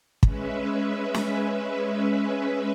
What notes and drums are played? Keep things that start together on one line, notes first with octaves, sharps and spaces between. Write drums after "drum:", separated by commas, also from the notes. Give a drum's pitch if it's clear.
G#3 C#4 B4 E5, drum: kick
drum: snare